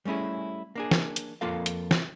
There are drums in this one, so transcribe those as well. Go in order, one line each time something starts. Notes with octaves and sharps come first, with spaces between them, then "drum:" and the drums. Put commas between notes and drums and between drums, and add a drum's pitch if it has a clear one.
G3 A3 C#4 E4 G#4
A#3 D4 G#4
drum: snare
drum: hi-hat
F2 F3 A#3 F4 A4 F5
drum: hi-hat
drum: snare